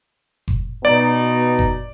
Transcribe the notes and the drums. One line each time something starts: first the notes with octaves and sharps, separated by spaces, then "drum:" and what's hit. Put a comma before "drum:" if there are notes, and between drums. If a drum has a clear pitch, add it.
drum: kick F#1
B2 D#4 D5
drum: kick F#1